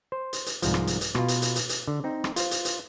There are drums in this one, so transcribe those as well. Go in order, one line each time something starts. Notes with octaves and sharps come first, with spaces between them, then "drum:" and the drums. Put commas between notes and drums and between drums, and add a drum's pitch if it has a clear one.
C5
drum: hi-hat
drum: hi-hat
C2 G#2 F3, drum: hi-hat
drum: rim click
drum: hi-hat
drum: hi-hat
B2 F4, drum: rim click
drum: hi-hat
drum: hi-hat
drum: hi-hat
drum: hi-hat
D3
C4 D#4
drum: rim click
F4 C5, drum: hi-hat
drum: hi-hat
drum: hi-hat